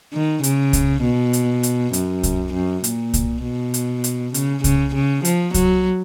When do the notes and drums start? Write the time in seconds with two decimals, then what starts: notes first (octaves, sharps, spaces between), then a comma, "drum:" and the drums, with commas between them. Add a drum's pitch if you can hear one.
0.13 D#3
0.43 C#3, drum: hi-hat
0.73 drum: kick C2, hi-hat
1.03 B2
1.33 drum: hi-hat
1.63 drum: hi-hat
1.93 F#2, drum: hi-hat
2.23 drum: kick C2, hi-hat
2.53 F#2
2.84 A#2, drum: hi-hat
3.14 drum: kick C2, hi-hat
3.44 B2
3.74 drum: hi-hat
4.04 drum: hi-hat
4.34 C#3, drum: hi-hat
4.64 C#3, drum: kick C2, hi-hat
4.95 C#3
5.25 F3, drum: hi-hat
5.54 F#3, drum: kick C2, hi-hat